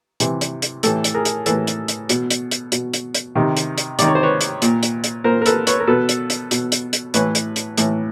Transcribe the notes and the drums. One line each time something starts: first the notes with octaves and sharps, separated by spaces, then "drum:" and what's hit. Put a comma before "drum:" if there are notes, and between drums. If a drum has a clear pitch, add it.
C3 E3, drum: hi-hat
drum: hi-hat
drum: hi-hat
A2 E3 G4 A4, drum: hi-hat
drum: hi-hat
G#4 A#4
drum: hi-hat
A2 E3 A4 B4, drum: hi-hat
drum: hi-hat
drum: hi-hat
B2, drum: hi-hat
drum: hi-hat
drum: hi-hat
B2, drum: hi-hat
drum: hi-hat
drum: hi-hat
C3 D#3
drum: hi-hat
drum: hi-hat
C3 D#3 D5, drum: hi-hat
C#5
C5
B4 C#5
drum: hi-hat
A#2, drum: hi-hat
drum: hi-hat
drum: hi-hat
A#2 A#4 C5
A#4
A4 B4, drum: hi-hat
B4 C#5, drum: hi-hat
A#4
B2 A4 B4
drum: hi-hat
drum: hi-hat
B2, drum: hi-hat
drum: hi-hat
drum: hi-hat
A2 E3 B4 C#5, drum: hi-hat
drum: hi-hat
drum: hi-hat
A2 E3, drum: hi-hat